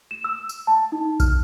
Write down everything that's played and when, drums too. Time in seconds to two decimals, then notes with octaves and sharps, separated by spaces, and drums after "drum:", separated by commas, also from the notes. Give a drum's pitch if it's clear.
0.11 E7
0.24 E6
0.49 drum: tambourine
0.67 A5
0.92 D#4
1.20 F6, drum: kick B1, tambourine